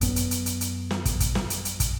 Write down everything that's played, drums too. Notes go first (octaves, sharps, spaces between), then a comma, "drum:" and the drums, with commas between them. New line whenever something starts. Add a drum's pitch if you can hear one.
F#2 B3, drum: kick, hi-hat
drum: hi-hat
drum: hi-hat
drum: hi-hat
drum: hi-hat
drum: snare
drum: kick, hi-hat
drum: kick, hi-hat
drum: snare
drum: hi-hat
drum: hi-hat
drum: kick, hi-hat